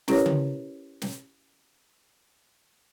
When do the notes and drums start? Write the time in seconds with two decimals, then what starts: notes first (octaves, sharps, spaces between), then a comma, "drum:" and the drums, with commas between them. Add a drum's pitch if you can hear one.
0.08 C#4 E4 G4 A#4 B4 C#5, drum: snare
0.26 drum: tom C#3
1.02 drum: snare